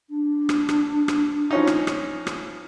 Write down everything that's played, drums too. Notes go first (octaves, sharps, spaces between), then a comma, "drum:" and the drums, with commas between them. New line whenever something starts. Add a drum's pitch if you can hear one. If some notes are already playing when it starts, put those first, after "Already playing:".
D4
drum: rim click
drum: rim click
drum: rim click
F3 C#4 D#4
drum: rim click
drum: rim click
drum: rim click